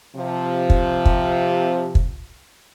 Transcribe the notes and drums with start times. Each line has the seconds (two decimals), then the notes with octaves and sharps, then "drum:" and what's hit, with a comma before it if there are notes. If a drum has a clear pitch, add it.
0.16 C3 F3
0.70 drum: kick
1.05 drum: kick
1.95 drum: kick